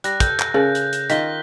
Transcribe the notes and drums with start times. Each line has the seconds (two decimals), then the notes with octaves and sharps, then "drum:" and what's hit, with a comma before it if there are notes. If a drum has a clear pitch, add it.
0.04 G3 F#6 A#6, drum: hi-hat
0.20 A4 G6, drum: kick, hi-hat
0.40 drum: clap
0.54 C#3 C#4 G#4 A#4
0.75 drum: hi-hat
0.93 drum: hi-hat
1.10 D#3 F4 D#5 B6 G7, drum: hi-hat